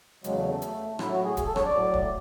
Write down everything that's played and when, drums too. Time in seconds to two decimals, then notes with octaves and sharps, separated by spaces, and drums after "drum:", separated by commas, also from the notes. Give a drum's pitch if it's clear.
0.24 E2 C#3 F#3 G#3, drum: hi-hat
0.37 A3
0.49 A3
0.62 drum: hi-hat
0.99 A2 F#3 E4, drum: rim click
1.12 F#4
1.24 G#4
1.37 G#4, drum: kick, hi-hat
1.46 A4
1.56 C#5, drum: rim click
1.65 D5
1.75 A2 F#3
1.94 drum: kick